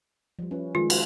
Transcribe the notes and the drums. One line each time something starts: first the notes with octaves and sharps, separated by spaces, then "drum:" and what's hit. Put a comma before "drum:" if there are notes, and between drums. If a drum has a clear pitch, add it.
F3 G3
C#4 E4 B4
D#3 G#3 F4
drum: cymbal